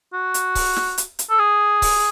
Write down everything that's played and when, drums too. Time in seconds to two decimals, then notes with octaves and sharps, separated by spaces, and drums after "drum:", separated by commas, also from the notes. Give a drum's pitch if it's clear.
0.14 F#4
0.34 drum: hi-hat
0.55 drum: kick C#1, open hi-hat
0.76 drum: snare
0.98 drum: hi-hat
1.19 drum: hi-hat
1.30 A4
1.39 G#4
1.82 drum: kick C#1, open hi-hat